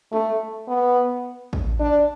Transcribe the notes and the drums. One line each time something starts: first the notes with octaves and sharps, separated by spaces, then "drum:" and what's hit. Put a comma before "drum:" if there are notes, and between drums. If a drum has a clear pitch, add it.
A3, drum: tom
B3
drum: kick
D4